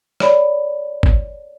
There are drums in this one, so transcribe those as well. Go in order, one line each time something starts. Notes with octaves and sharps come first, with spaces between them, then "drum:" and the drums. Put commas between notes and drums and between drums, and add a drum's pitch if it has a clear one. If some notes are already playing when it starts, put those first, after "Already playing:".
C#5 D5 B5, drum: rim click
drum: kick